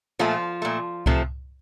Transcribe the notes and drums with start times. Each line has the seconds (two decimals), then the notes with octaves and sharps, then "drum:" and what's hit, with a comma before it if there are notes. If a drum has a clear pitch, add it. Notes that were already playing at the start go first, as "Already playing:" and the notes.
0.19 A#2 F3 A3 F4
0.62 A#2 A3
1.06 C3 F3 A3, drum: kick C2